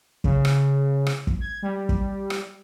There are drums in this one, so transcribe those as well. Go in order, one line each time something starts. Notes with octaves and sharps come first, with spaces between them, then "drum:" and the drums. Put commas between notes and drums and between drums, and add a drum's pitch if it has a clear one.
C#3, drum: kick
drum: rim click
drum: rim click
drum: kick
G#6
G3
drum: kick
drum: rim click